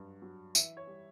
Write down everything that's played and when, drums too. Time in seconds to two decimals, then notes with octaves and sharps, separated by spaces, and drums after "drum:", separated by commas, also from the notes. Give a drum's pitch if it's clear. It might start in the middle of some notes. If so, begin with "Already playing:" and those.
Already playing: G2 F#3
0.22 F#3
0.55 E3 E5, drum: tambourine
0.77 C#5
0.87 G3